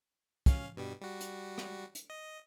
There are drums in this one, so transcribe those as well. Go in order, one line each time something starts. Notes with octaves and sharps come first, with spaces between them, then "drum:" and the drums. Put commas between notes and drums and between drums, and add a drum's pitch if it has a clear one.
C#4 F5, drum: kick, hi-hat
G2 B2 G3
G3 F#4
drum: hi-hat
drum: rim click
drum: hi-hat
D#5